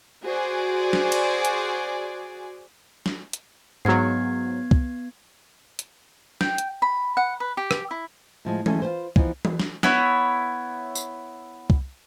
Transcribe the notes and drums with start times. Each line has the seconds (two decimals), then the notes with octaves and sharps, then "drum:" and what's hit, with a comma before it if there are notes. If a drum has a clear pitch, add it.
0.24 F#4 G#4 C5 D5 G#5
0.93 drum: snare
1.12 drum: cymbal
1.45 drum: hi-hat
3.06 drum: snare
3.33 drum: hi-hat
3.85 G#2 F#3 B3 G#6 C7
4.71 drum: kick
5.79 drum: hi-hat
6.41 G5, drum: snare
6.58 drum: hi-hat
6.82 B5
7.17 F#5
7.40 B4
7.57 G4
7.71 drum: rim click
7.91 E4
8.45 A2 F3 G#3
8.66 D2 G#3 C#4 A4, drum: tom E3
8.82 F4 G4 B4 C5
9.16 E3 F3 B3 D#4, drum: kick
9.45 drum: tom E3
9.60 drum: snare
9.83 B3 E4 C#5, drum: snare
10.95 drum: tambourine
11.70 drum: kick